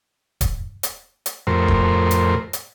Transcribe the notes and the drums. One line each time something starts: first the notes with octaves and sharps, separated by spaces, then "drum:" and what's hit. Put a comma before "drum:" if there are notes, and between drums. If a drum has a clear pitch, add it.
drum: kick D#1, hi-hat
drum: hi-hat
drum: hi-hat
F2 A2 A#4 C5
drum: kick D#1
drum: hi-hat
drum: hi-hat